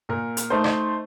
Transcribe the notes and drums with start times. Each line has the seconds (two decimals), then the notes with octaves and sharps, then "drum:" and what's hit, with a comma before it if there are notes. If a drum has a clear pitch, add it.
0.09 A#2 A#4
0.37 drum: hi-hat
0.50 A3 D#4 C5
0.64 drum: rim click